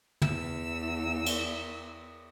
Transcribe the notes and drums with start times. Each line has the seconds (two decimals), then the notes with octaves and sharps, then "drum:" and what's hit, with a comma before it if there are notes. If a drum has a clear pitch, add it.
0.22 E2 E6, drum: tom
1.26 drum: cymbal